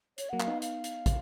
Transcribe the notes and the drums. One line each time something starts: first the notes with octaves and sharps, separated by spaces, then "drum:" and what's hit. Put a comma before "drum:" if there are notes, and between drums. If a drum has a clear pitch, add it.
C#5, drum: hi-hat
F#3 A#3 F#5
F5, drum: clap
B3 D#4
F5, drum: hi-hat
drum: hi-hat
drum: kick, hi-hat